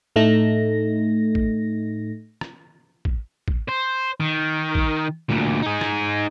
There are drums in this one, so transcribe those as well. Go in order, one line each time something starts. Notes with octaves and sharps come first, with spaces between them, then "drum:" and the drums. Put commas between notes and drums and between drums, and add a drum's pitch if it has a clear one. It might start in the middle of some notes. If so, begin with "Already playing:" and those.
A2 A3 D#4 A#6
drum: kick
drum: rim click
drum: kick
drum: kick
C5
D#3
drum: kick
D2 A#2
D#4 G#4
drum: rim click